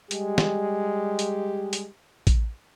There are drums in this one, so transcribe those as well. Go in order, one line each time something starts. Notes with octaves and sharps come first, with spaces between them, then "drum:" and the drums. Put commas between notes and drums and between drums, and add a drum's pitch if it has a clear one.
G3 G#3 G4, drum: hi-hat
drum: snare
drum: hi-hat
drum: hi-hat
drum: kick A1, hi-hat